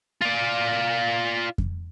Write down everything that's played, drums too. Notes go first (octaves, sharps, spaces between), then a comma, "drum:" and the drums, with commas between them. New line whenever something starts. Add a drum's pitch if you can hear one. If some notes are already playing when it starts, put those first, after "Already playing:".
F4 D5
drum: kick F2